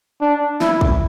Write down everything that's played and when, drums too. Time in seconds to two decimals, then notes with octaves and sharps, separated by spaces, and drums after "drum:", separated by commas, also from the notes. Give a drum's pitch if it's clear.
0.21 D4
0.61 E4, drum: snare
0.81 drum: kick